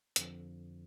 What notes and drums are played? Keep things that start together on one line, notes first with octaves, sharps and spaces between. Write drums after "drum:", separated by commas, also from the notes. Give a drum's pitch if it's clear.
F2 D3 F3, drum: hi-hat